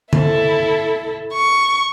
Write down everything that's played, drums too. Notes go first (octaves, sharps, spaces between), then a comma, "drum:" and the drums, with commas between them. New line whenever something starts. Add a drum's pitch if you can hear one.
E4 A4, drum: tom D3
C#6